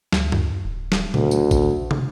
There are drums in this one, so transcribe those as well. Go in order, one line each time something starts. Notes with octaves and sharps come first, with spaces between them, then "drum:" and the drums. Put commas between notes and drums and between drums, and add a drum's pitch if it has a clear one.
D2, drum: snare
drum: tom F#2
D1
drum: snare
D2 C#3, drum: tom A#2
drum: tambourine
drum: kick A1, tambourine
A#1
drum: tom